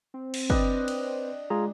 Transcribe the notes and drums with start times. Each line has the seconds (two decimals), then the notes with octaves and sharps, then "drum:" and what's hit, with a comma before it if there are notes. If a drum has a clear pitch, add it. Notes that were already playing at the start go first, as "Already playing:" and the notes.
0.14 C4
0.34 drum: cymbal
0.50 D4 B4 D#5 G5, drum: kick
0.88 drum: cymbal
1.50 G#3 F4 G#4 A#5